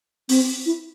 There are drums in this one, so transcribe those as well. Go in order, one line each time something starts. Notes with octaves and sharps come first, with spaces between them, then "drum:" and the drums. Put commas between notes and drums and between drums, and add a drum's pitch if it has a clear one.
C4, drum: open hi-hat
E4